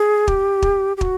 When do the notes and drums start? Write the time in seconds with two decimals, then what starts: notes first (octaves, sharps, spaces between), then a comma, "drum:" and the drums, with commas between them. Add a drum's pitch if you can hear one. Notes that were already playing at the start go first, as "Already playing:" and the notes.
Already playing: G#4
0.28 G4, drum: kick
0.62 drum: kick
0.97 G4
1.01 F#4, drum: kick